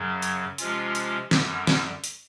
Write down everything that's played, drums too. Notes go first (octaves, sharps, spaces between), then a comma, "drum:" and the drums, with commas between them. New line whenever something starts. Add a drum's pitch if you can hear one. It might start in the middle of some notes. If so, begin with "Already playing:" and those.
Already playing: F#2 C#3 F#3
drum: hi-hat
C3 F3 G#3 C#4 F4, drum: hi-hat
drum: hi-hat
F#2 D3 G3, drum: snare
drum: snare
drum: hi-hat